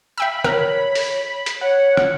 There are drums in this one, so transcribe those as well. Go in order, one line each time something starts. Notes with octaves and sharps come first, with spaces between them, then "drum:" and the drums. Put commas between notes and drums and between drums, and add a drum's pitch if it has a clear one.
E5 G5 B5 E6
A#4 C#5, drum: rim click
drum: open hi-hat
drum: hi-hat
C#5 F#5
drum: rim click